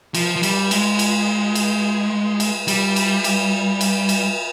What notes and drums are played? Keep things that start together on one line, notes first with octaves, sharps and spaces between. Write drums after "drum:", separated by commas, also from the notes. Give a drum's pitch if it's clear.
F3, drum: cymbal
F3
G3, drum: cymbal
G#3, drum: cymbal
drum: cymbal
drum: cymbal
drum: cymbal
G3, drum: cymbal
drum: cymbal
drum: cymbal
drum: cymbal
drum: cymbal